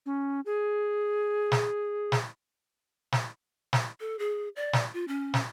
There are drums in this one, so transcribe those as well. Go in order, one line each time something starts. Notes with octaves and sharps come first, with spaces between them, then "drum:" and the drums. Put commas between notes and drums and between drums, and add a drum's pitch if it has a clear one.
C#4
G#4
drum: snare
drum: snare
drum: snare
drum: snare
A4
G#4
D5
drum: snare
F4
C#4
drum: snare